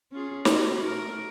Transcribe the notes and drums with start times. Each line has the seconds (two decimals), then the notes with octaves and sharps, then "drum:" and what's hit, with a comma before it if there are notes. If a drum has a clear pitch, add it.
0.12 C#4 F4 G#4
0.45 F4 F#4, drum: snare
0.83 A3 A#4